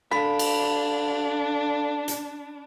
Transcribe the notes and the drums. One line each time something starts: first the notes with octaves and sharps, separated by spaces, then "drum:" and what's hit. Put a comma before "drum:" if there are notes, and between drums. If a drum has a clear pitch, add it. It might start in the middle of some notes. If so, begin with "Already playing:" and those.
D4 A4 F5 B5
drum: cymbal
drum: hi-hat